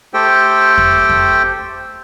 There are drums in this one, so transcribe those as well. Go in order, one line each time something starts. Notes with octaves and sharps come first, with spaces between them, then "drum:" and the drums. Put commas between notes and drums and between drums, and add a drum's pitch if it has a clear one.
A3 G4 A4 C5 G5
drum: kick F2
drum: kick F2